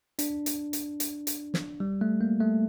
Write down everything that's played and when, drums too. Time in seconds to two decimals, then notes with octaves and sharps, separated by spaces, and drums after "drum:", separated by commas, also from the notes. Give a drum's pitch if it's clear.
0.19 D4, drum: hi-hat
0.46 drum: hi-hat
0.73 drum: hi-hat
1.00 drum: hi-hat
1.27 drum: hi-hat
1.54 drum: snare
1.80 G3
2.01 A3
2.21 A#3
2.41 A3